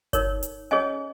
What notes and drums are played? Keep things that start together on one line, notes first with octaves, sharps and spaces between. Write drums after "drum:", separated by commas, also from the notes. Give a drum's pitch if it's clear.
D#4 A#4 C#5, drum: kick G1, hi-hat
drum: hi-hat
C#4 G#4 C#5 D#5 G#5